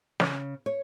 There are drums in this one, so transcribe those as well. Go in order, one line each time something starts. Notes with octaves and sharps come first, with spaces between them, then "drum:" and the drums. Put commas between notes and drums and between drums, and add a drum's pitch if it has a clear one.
C#3, drum: snare
C#5